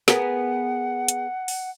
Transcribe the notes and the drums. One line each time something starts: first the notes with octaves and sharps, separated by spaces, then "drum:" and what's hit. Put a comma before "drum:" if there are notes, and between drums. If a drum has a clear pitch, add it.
B3 G#4 A#4 F#5, drum: snare
drum: hi-hat
drum: open hi-hat